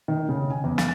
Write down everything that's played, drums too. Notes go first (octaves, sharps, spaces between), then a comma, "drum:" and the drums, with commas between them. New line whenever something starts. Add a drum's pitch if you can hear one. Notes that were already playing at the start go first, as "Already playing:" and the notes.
D#3
C#3
G#5
E2
A6, drum: snare